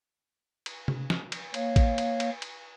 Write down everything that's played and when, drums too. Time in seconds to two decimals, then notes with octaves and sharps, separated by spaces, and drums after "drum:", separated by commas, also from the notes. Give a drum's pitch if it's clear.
0.66 drum: cymbal
0.88 drum: tom C3
1.10 drum: snare
1.32 drum: cymbal
1.54 A#3 C#5 F5, drum: cymbal
1.76 drum: kick A1, cymbal
1.98 drum: cymbal
2.20 drum: cymbal
2.42 drum: cymbal